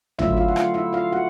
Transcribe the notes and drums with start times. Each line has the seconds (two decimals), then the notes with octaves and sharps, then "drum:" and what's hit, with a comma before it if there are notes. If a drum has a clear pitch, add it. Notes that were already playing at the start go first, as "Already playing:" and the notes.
0.19 D3 F#3 A3 C#4 E4 F4 E5, drum: tom G#1
0.37 F4 F5
0.48 F#5
0.56 F4 F5, drum: rim click
0.74 E4 E5
0.93 F4 F5
1.12 F#4 F#5